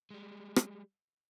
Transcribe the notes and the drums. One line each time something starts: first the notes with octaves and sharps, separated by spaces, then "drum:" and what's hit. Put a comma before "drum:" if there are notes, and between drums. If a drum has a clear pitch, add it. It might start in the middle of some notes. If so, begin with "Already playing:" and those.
G3 G#3
drum: rim click